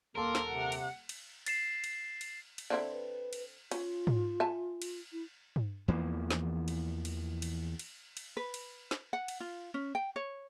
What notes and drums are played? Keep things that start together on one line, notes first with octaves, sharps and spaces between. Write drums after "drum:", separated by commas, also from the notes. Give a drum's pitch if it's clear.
D#1 A#3 A4 A#4 C6
drum: snare
C3 F#5
drum: cymbal
drum: cymbal
A6 C7 E7, drum: cymbal
drum: cymbal
drum: cymbal
drum: cymbal
D3 C4 E4
B4
drum: cymbal
C#4 F4, drum: cymbal
drum: tom G#2
E5 G#5 A5
drum: cymbal
E4
drum: tom
E2 E3 F3 A#3
drum: snare
drum: cymbal
drum: cymbal
drum: cymbal
drum: cymbal
drum: cymbal
B4
drum: cymbal
drum: snare
F#5
drum: cymbal
F4
C#4
G5
C#5